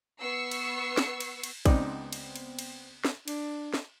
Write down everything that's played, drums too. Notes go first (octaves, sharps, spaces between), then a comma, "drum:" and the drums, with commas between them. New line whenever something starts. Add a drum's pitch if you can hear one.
B3 C#6 E6 C7
drum: cymbal
drum: snare
drum: cymbal
drum: cymbal
C#2 B3 C4 D#4 D5, drum: kick, cymbal
drum: cymbal
drum: cymbal
drum: cymbal
drum: snare
D4, drum: cymbal
drum: snare